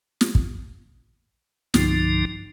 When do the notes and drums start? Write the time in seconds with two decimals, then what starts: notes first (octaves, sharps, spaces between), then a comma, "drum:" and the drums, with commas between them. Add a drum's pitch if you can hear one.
0.21 drum: snare
0.35 drum: kick
1.74 C2 G2 D3 F3 D#4, drum: snare